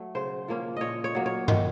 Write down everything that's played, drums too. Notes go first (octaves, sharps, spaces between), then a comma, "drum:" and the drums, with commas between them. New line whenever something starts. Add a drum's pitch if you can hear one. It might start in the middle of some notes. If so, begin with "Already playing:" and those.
Already playing: F#3 A3
C#3 C5
F3 A#3 C#4
A#2 C#5 D#5
C#5
F#3 A#3
C#5
D#3, drum: tom G2